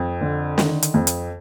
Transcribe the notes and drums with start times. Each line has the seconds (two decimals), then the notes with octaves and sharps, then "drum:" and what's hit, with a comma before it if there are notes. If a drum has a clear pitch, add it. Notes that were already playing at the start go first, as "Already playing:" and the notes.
Already playing: F2
0.21 D3
0.58 D#3, drum: snare
0.83 drum: hi-hat
0.94 F2
1.07 drum: hi-hat